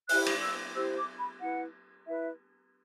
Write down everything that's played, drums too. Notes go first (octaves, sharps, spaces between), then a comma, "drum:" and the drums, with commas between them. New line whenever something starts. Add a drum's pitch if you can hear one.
E4 G4 C5 F#6, drum: open hi-hat
drum: cymbal
E6
E4 G4 C5 E6
D6
B5
E4 B4 F#5
E4 B4 E5